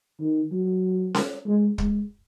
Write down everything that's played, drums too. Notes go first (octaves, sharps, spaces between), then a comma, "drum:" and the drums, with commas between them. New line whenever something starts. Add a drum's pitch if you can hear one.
D#3
F#3
drum: snare C#4
G#3
G#3, drum: kick